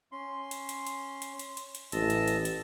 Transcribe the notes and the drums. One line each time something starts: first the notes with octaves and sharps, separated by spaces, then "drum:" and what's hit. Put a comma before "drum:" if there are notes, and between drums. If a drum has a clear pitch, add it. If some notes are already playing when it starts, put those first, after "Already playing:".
C#4 C6
drum: hi-hat
drum: hi-hat
drum: hi-hat
drum: hi-hat
drum: hi-hat
drum: hi-hat
drum: hi-hat
A1 D#5 A5 E6, drum: hi-hat
drum: hi-hat
drum: hi-hat
drum: hi-hat